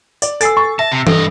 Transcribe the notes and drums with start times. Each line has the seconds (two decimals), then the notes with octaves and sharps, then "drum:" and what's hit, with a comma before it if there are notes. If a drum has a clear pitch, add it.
0.22 D5, drum: tambourine
0.41 A4 G#5 E6 A6 C7, drum: tambourine
0.57 C#6
0.79 E5 A5 A#6
0.92 C3
1.07 G2 A4 D#5, drum: tom E3